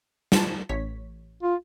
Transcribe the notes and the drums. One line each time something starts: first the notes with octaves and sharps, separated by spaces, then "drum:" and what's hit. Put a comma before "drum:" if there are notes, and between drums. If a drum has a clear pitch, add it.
F4 A5, drum: snare
A1 C#5 B6
F4